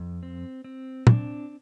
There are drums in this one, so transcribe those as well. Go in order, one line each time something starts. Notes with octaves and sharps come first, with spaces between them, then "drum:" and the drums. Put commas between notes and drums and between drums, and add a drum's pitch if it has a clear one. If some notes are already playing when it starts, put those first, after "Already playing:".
Already playing: F2
C4
C4
D4, drum: tom